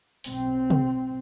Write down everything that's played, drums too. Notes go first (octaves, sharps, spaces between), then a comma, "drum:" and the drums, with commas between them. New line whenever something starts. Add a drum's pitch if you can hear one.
B1 C4, drum: open hi-hat
drum: tom